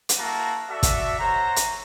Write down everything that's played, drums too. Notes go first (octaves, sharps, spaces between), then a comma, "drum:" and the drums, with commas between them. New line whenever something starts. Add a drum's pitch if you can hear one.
drum: hi-hat
A#3 E4 F#4 F5 A5 A#5
F#4 A4 D5 E5
drum: kick, hi-hat
C5 C#5 F#5 A#5
drum: hi-hat